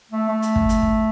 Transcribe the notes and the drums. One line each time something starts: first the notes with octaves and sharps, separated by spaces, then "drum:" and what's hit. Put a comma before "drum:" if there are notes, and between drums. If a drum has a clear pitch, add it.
A3
A3
drum: hi-hat
drum: kick
drum: hi-hat
drum: kick